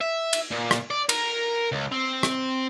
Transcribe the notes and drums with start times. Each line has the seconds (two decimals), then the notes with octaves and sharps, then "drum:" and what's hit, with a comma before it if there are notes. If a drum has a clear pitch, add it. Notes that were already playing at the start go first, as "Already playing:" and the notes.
0.01 E5
0.33 drum: cymbal
0.52 A#2
0.71 drum: rim click
0.91 D5
1.09 A#4, drum: cymbal
1.72 C#2
1.92 C4
2.23 drum: rim click